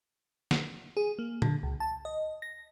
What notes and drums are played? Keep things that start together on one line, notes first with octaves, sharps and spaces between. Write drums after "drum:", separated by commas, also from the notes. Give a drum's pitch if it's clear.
drum: snare
G#4
A#3
D3, drum: tom A#2
C#2
A5
D#5
A#6